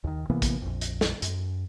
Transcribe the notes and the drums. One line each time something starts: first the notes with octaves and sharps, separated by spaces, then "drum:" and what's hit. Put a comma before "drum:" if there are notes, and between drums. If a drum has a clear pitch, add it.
D#2 D#3
C3 E3 A#3 B3
drum: kick, hi-hat
A#1 F2
drum: hi-hat
drum: snare
F#2, drum: hi-hat